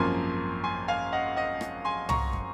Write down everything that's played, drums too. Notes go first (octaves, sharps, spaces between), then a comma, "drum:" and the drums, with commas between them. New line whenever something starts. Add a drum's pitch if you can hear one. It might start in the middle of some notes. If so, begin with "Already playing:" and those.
Already playing: G#1 F#2 F3 A#3 G#5 C6
G#5 C6
F5 G#5
D#5 F#5
D#5 F#5
drum: rim click
G#5 C6
A#5 C#6, drum: tom C2
drum: kick